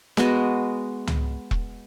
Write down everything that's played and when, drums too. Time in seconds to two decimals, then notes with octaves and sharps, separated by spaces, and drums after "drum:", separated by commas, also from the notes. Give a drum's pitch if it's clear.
0.17 G#3 B3 F#4 D#5, drum: snare
1.07 drum: tom
1.51 drum: kick E1